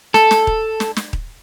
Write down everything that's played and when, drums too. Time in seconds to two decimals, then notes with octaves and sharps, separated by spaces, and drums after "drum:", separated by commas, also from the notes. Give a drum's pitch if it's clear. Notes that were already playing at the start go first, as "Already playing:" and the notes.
0.14 A4, drum: snare
0.31 drum: snare
0.47 drum: kick D#1
0.80 drum: snare
0.96 drum: snare
1.13 drum: kick D#1